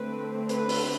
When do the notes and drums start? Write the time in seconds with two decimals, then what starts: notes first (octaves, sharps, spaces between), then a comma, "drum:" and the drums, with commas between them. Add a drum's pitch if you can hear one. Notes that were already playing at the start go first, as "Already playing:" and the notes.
Already playing: D3 A3 C4 B4
0.49 B4, drum: hi-hat
0.69 drum: open hi-hat